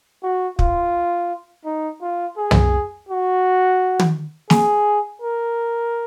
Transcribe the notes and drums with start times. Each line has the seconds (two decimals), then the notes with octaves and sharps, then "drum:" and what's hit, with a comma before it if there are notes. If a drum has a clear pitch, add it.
0.23 F#4
0.59 F4, drum: kick
1.65 D#4
2.02 F4
2.37 G#4
2.51 drum: tom
3.09 F#4
3.99 drum: tom
4.50 G#4, drum: snare
5.22 A#4